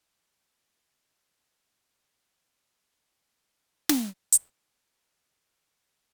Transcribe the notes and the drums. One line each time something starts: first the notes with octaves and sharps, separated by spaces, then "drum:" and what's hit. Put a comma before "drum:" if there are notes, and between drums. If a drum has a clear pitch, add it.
F#4
G#3
C3
F#2
B2 G#3 A3
drum: snare
drum: hi-hat
E5
D4
A3
A3
F#4
A#3
C#4